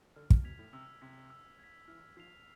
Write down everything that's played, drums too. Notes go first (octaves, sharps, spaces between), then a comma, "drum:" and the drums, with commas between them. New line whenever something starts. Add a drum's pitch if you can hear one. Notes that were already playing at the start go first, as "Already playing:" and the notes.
D3 F6
B2, drum: kick
B2 G#6 B6 F7
A2
C3 E6
C3 G#6 B6
E6
G#6 B6
E3 F6
F3 G#6 C7 F7